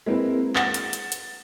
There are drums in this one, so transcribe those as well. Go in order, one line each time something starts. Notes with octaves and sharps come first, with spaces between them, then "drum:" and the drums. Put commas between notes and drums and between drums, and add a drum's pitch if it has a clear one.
G#3 A#3 C4 E4 B4
F#5 A6 E7, drum: clap
drum: hi-hat
drum: hi-hat
drum: hi-hat